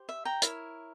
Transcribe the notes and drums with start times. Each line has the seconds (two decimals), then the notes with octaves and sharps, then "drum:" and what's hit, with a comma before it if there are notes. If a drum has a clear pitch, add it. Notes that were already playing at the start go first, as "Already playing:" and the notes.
Already playing: G4 C5
0.09 E5
0.25 G5 A#5
0.42 E4 A#4 C#5, drum: hi-hat